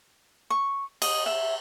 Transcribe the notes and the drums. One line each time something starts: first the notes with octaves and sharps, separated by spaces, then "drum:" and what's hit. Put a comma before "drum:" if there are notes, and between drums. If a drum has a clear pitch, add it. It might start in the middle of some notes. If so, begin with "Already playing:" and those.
C#6
D#5, drum: cymbal
E5